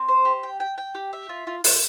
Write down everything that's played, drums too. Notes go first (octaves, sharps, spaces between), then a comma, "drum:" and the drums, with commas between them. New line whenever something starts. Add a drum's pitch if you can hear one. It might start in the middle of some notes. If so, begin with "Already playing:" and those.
Already playing: C4
C5
G4
G5
G5
G5
G4
E5
F4
F4
F4, drum: open hi-hat